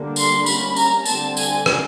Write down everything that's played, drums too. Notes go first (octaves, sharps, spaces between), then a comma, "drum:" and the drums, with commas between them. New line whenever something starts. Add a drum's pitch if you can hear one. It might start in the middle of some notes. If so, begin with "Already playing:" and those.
Already playing: D3 G3 A#3 D4
C6, drum: tambourine
G3 A#3 C#4 B5, drum: tambourine
A#5, drum: tambourine
D3 G3 C4 A5, drum: tambourine
G#5, drum: tambourine
drum: rim click